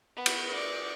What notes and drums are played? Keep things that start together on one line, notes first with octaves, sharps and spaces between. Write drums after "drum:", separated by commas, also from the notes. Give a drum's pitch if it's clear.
B3
drum: cymbal
D5 C#6